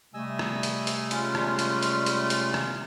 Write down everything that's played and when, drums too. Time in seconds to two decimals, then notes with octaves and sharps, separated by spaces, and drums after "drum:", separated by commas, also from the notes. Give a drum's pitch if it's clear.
0.14 C3 G3 A3 D#5 G#5 E6
0.39 drum: rim click
0.63 drum: hi-hat
0.87 drum: hi-hat
1.11 G#3 C#4 F4, drum: hi-hat
1.35 drum: rim click
1.59 drum: hi-hat
1.83 drum: hi-hat
2.06 drum: hi-hat
2.30 drum: hi-hat
2.54 drum: rim click